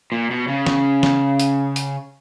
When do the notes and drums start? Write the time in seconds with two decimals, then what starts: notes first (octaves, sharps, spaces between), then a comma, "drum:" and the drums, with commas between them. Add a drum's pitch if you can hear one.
0.12 A#2
0.31 B2
0.48 C#3
0.66 drum: snare
1.03 drum: snare
1.40 drum: hi-hat
1.76 drum: hi-hat